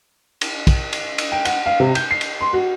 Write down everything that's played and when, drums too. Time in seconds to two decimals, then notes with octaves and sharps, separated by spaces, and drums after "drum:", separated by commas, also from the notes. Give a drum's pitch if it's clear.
0.41 drum: cymbal
0.67 drum: kick, cymbal
0.93 drum: cymbal
1.18 drum: cymbal
1.32 G5
1.45 F#5, drum: cymbal
1.66 F5
1.80 C3
1.95 G6, drum: cymbal
2.11 C7
2.21 drum: cymbal
2.41 C6
2.53 F#4